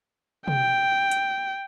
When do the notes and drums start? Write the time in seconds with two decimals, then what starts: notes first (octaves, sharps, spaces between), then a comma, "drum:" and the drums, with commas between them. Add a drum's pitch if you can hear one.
0.48 G5, drum: tom
1.11 drum: hi-hat